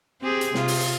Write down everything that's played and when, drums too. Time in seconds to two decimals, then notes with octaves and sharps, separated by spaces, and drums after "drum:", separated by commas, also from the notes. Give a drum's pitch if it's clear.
0.22 C4 G4 G#4
0.41 drum: hi-hat
0.54 C3 F4, drum: snare
0.68 drum: open hi-hat
0.81 drum: hi-hat